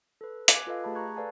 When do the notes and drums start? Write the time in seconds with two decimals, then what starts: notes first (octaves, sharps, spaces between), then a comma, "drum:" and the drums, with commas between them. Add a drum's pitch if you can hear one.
0.21 A4 B4
0.48 G#5 D6 F#6 G#6, drum: hi-hat
0.67 F4 A4 B4 D#5 F5
0.84 A3 G4 G#4 A5 B5
0.95 A#5 C#6 F#6 G#6
1.16 A4 B4 D5 F5 G#5 A5